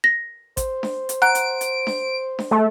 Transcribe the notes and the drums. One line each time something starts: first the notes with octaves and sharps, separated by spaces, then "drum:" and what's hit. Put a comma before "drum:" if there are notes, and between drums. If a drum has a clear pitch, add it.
A#6
C5, drum: kick A1, hi-hat
drum: snare D4
drum: hi-hat
F#5 A#5 F#6 D7
drum: hi-hat
drum: hi-hat
drum: snare D4
drum: snare D4
A3